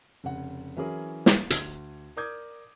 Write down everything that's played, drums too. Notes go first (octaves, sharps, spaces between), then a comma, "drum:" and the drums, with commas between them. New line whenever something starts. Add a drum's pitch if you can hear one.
F1 C#3 F#5
E3 F#3 C#4 E4 G#4 A#4
drum: snare
D2 G#6, drum: hi-hat
A#4 D5 D6 D#6 G6 G#6